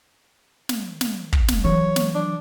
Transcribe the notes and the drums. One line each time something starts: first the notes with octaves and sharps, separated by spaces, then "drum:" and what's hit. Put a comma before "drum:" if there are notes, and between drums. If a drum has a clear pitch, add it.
drum: snare
drum: snare
drum: kick
drum: snare
E3 F#3 C#5
drum: snare
D4